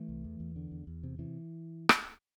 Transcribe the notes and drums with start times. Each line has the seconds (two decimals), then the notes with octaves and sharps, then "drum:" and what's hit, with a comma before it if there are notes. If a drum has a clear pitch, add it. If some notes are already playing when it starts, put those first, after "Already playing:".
Already playing: E3 A3
0.09 C2
0.24 E2
0.40 E2
0.56 D3
0.71 E2
0.87 E2
1.03 C3
1.19 C3 E3
1.89 drum: rim click